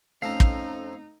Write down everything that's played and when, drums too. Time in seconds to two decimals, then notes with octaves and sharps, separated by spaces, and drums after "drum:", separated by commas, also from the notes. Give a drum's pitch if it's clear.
0.22 F2 F3 A3 C#4 D#4 F5 A#5
0.40 drum: kick